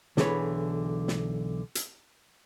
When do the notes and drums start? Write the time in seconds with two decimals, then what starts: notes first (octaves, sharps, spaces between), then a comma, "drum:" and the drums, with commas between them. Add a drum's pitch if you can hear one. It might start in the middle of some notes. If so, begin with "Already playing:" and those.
0.17 B1 D3 E3 G#4 B4 C#5, drum: snare
1.08 drum: snare
1.75 drum: hi-hat